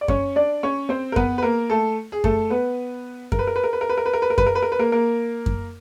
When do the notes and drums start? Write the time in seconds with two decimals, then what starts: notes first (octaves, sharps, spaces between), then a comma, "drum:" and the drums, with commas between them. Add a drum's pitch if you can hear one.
0.01 D5
0.08 C#4 C#5, drum: kick F#2
0.36 D4 D5
0.63 C#4 C#5
0.89 C4 C5
1.12 A#4
1.16 B3 B4, drum: kick F#2
1.38 B4
1.43 A#3 A#4
1.70 A3 A4
2.12 G#4
2.24 A3 A4, drum: kick F#2
2.50 B3 B4
3.32 A#4, drum: kick F#2
3.39 B4
3.47 A#4
3.56 B4
3.64 A#4
3.73 B4
3.81 A#4
3.89 B4
3.97 A#4
4.06 B4
4.13 A#4
4.22 B4
4.30 A#4
4.38 B4, drum: kick F#2
4.46 A#4
4.55 B4
4.62 A#4
4.72 B4
4.79 A#3 A#4
4.92 A#3 A#4
5.46 drum: kick F#2